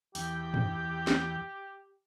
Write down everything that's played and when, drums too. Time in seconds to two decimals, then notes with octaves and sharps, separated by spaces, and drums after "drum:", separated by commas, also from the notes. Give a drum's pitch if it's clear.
0.15 E2 G4 G5, drum: open hi-hat
0.54 drum: tom
1.07 drum: snare